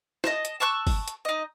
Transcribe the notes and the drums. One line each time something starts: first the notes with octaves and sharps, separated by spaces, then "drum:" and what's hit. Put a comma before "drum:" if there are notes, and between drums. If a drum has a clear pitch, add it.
D#5 A5, drum: snare
drum: hi-hat
A5 C#6 E6 F#6
drum: kick, open hi-hat
drum: hi-hat
D#4 D#5